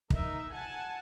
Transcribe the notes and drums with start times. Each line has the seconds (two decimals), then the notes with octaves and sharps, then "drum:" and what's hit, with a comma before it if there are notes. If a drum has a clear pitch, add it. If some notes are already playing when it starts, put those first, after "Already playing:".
0.10 D#4 A#4 E5, drum: kick
0.53 F#5 G#5 A5